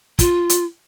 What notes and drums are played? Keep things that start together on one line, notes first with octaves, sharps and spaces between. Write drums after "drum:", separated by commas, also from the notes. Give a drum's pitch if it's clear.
F4, drum: kick, hi-hat
drum: hi-hat